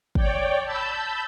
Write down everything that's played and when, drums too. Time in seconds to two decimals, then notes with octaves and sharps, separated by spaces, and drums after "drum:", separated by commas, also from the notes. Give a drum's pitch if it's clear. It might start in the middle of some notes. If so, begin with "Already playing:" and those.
0.15 C#5 D5 G5, drum: kick
0.64 A5 B5 E6 G6